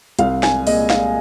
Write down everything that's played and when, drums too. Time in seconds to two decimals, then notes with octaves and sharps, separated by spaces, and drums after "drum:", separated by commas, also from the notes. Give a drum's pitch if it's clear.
0.19 C2 F5, drum: hi-hat
0.43 G#5, drum: snare
0.67 A#2 G#3 D#5, drum: open hi-hat
0.90 F5, drum: snare